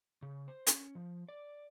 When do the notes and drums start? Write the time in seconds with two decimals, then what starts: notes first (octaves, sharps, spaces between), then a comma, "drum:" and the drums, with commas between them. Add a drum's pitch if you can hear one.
0.22 C#3
0.48 C5
0.67 C#4, drum: hi-hat
0.95 F3
1.29 D5